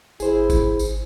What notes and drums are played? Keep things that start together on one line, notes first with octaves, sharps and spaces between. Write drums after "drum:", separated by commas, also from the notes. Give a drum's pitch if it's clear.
G#1 E4 G#4 C5, drum: tambourine
drum: kick B1, tambourine
drum: tambourine